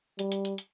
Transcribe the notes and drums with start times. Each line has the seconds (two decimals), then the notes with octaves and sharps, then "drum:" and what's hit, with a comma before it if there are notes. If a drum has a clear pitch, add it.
0.19 G3, drum: hi-hat
0.32 drum: hi-hat
0.45 drum: hi-hat
0.58 drum: hi-hat